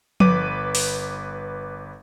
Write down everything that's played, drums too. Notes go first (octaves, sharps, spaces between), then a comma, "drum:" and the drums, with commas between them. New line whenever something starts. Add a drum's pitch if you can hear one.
G1 B4 D6 D#7, drum: tom F3
drum: open hi-hat